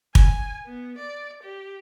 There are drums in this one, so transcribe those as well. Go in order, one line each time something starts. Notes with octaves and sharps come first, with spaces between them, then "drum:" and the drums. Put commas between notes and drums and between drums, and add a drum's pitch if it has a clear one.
G#5, drum: kick
B3
D5
G4